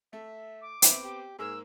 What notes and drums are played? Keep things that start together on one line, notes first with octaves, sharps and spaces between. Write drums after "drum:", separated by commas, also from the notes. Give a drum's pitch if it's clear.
A3 E5
D6
B3 C4 E5, drum: hi-hat
G4
G#2 A#3 G#4 A#4 E6